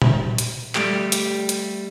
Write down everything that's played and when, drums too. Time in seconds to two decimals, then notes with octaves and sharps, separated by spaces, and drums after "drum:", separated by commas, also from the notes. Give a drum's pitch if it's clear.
0.02 drum: tom A#2
0.38 drum: hi-hat
0.75 G3 A3 G4, drum: clap
1.12 drum: hi-hat
1.49 drum: hi-hat